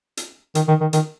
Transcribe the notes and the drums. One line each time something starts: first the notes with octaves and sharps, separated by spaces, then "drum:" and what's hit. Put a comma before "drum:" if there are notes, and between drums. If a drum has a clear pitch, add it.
drum: hi-hat
D#3, drum: hi-hat
D#3
D#3
D#3, drum: hi-hat